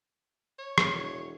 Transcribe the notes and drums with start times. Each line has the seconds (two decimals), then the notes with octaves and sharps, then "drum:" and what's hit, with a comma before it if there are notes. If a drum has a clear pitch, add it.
0.59 C#5
0.78 drum: rim click
0.90 E1